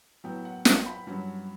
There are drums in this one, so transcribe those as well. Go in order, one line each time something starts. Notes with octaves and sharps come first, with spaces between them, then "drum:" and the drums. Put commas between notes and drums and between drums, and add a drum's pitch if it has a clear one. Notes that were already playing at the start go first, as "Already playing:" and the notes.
A2 F#3 B3 G5
F#5
G5, drum: snare
B5
G2 F#3 C#4